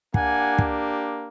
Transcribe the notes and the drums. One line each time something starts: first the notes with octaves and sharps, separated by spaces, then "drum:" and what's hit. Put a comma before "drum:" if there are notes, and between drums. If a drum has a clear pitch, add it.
A#3 D4 G4 F#5 G#5, drum: kick
drum: kick